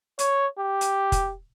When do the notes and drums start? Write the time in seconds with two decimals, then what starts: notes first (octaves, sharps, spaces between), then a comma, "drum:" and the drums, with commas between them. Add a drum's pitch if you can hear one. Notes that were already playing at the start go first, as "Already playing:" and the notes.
0.19 C#5, drum: hi-hat
0.59 G4
0.81 drum: hi-hat
1.12 drum: kick, hi-hat